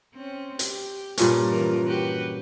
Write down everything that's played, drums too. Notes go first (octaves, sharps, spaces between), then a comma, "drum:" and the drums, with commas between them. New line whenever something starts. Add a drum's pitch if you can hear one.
C4 C#4
G4, drum: hi-hat
G2 A#2 C#4, drum: hi-hat
E3 F3 A#4
F#4 G4 B4